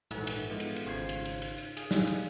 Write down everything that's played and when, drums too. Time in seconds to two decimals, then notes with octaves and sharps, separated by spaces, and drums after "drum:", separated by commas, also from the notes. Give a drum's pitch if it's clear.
0.11 A#1 G#2 E3 A3 F#5, drum: cymbal
0.27 drum: cymbal
0.50 G#3 A3 B3 F4
0.60 drum: cymbal
0.76 drum: cymbal
0.86 G#1 C#3 F4 C5 G#6 C7
1.09 drum: cymbal
1.25 drum: cymbal
1.42 drum: cymbal
1.58 drum: cymbal
1.77 G#4 F5, drum: cymbal
1.91 drum: snare
2.07 drum: cymbal